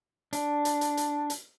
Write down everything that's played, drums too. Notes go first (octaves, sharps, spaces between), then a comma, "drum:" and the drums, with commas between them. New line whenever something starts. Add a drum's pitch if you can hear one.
D4, drum: hi-hat
drum: hi-hat
drum: hi-hat
drum: hi-hat
drum: hi-hat